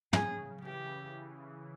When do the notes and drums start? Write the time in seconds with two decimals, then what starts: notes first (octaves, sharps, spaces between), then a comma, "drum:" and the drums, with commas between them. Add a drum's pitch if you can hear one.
0.13 C#3 G#4, drum: tom
0.63 E3 G4